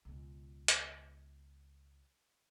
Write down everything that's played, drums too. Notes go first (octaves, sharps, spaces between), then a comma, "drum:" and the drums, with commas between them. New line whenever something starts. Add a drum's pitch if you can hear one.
C#2 B2
drum: hi-hat